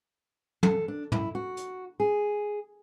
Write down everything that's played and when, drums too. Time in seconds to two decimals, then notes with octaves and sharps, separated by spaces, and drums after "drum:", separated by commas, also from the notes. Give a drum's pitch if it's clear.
0.63 A4, drum: tom
0.88 D4
1.12 E4, drum: tom
1.35 F#4
1.57 drum: hi-hat
2.00 G#4